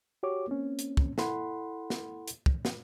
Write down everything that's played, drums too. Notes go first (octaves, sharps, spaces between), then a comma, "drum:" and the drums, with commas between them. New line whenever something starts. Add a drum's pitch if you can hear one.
F#4 G4 C#5 D6
A#3 C4 C#4
drum: hi-hat
drum: kick
E4 A4 F#5 B5 C6, drum: snare
drum: snare
drum: hi-hat
drum: kick
drum: snare